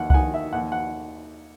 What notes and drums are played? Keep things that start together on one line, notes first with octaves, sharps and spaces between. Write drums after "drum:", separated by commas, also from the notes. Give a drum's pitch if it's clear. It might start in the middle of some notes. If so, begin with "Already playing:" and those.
Already playing: D#2 F#5
F#5, drum: kick C2
D#3 G#5
E5
D#2 F#5
F#5